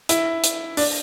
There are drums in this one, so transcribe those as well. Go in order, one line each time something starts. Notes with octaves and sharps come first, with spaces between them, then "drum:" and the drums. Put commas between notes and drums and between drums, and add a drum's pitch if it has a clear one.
E4, drum: hi-hat
drum: hi-hat
D4, drum: open hi-hat